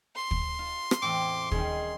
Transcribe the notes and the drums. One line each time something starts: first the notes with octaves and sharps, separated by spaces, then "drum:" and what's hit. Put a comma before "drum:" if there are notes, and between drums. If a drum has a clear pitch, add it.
C6
drum: kick
F4
drum: rim click
E2 A2 C4 D6
D#3 G3 C#4 G#4, drum: kick